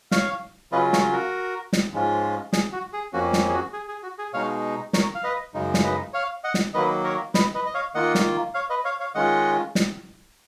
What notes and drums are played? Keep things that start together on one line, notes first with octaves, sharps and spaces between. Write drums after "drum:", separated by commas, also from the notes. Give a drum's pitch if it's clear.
C#5 F5, drum: snare
C#3 F#3 C#4 F4 B4 D#5
A#4 C#5, drum: snare
F#4 A#4
drum: snare
G#2 F3 G#3 C#4 F4
G#4, drum: snare
F#4
G#4
F2 F3 A#3 C#4 F#4
drum: snare
G#4
F#4
G#4
G#4
F#4
G#4
B2 G#3 D#4 C#5 F5
A#4 C#5, drum: snare
F5
B4 D#5
F#2 C#3 G#3 D#4
drum: snare
B4 D#5
C#5 F5
D#5 F#5
drum: snare
D#3 F#3 A#3 B4 D#5
A#4 C#5
B4 D#5, drum: snare
B4 D#5
D#5
C#5 F5
D#3 A#3 F4 D#5 F#5
drum: snare
C#5 F5
B4 D#5
C#5 F5
C#5 F5
D#3 G#3 C#4 F4 D#5 F#5
drum: snare